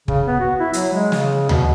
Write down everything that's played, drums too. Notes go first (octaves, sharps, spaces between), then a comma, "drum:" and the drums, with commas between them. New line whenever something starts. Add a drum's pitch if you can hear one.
C#3, drum: kick
B3
F#4
E4
F#3, drum: hi-hat
G#3
C#3, drum: snare
B2, drum: tom D2